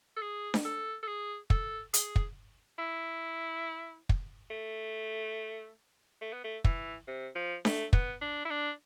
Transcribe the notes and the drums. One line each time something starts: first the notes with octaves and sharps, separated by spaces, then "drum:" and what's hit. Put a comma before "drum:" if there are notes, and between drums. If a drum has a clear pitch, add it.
A4
G#4
drum: snare D4
A4
A4
G#4
A4, drum: kick
G#4, drum: hi-hat
drum: kick
E4
drum: kick
A3
A3
B3
A3
E3, drum: kick
C3
F3
A3, drum: snare D4
B3, drum: kick
D4
E4
D4